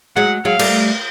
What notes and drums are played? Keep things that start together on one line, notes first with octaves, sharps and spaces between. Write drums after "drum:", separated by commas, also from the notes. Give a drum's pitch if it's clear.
F#3 G#3 F#5
F#3 G#3 F5
G3 A3, drum: cymbal